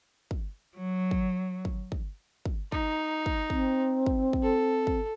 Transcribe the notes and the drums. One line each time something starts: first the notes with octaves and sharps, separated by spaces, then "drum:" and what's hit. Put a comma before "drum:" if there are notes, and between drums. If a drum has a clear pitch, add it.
drum: kick
F#3
drum: kick
drum: kick
drum: kick
drum: kick
D#4, drum: kick
drum: kick
C4, drum: kick
drum: kick
drum: kick
A4
drum: kick